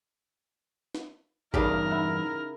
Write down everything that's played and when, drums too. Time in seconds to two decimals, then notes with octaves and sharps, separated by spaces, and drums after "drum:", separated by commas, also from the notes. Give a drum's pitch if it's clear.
0.95 drum: snare
1.54 E2 G2 C#3 D#4 G4 A#4, drum: kick
1.90 E4 F#5